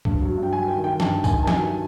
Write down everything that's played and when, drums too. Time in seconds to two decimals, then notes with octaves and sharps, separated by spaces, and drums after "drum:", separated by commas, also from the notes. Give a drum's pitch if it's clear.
0.05 G2, drum: kick
0.21 F#3
0.37 G2
0.43 G5
0.53 F#3 G#5
0.68 D#3 G5
0.84 D#3 G5
1.00 G2 A5, drum: snare
1.16 D#3
1.24 G#5, drum: kick, tambourine
1.33 D#3
1.43 A5
1.47 F#3 G#5, drum: snare
1.64 F#3